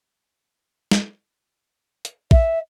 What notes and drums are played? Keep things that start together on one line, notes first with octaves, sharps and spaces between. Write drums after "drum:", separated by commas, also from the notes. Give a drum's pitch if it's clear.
drum: snare
drum: hi-hat
E5, drum: kick A#1